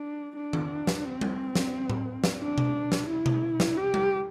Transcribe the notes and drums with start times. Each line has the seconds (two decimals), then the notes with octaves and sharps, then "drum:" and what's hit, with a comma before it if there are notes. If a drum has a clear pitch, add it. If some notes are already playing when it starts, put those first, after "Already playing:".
Already playing: D4
0.36 D4
0.53 drum: tom D#3
0.87 drum: snare
1.05 C4
1.21 drum: tom G3
1.55 drum: snare
1.90 drum: tom A2
2.24 drum: snare
2.41 D4
2.58 drum: tom B2
2.92 drum: snare
3.09 E4
3.26 drum: tom B2
3.60 drum: snare
3.77 G4
3.94 drum: tom G3